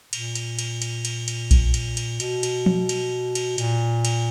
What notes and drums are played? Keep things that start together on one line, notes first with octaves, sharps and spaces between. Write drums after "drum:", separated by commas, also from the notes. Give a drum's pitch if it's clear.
A#2, drum: cymbal
drum: cymbal
drum: cymbal
drum: cymbal
drum: cymbal
drum: cymbal
drum: kick A#1, cymbal
drum: cymbal
drum: cymbal
B2, drum: cymbal
drum: cymbal
drum: tom
drum: cymbal
drum: cymbal
A#2, drum: cymbal
drum: cymbal